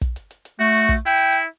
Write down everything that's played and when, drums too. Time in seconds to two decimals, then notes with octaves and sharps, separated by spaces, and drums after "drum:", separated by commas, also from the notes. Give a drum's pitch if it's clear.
0.01 drum: kick, hi-hat
0.16 drum: hi-hat
0.31 drum: hi-hat
0.45 drum: hi-hat
0.60 A3 F#4
0.74 drum: open hi-hat
0.89 drum: kick, hi-hat
1.06 E4 G5, drum: hi-hat
1.18 drum: hi-hat
1.33 drum: hi-hat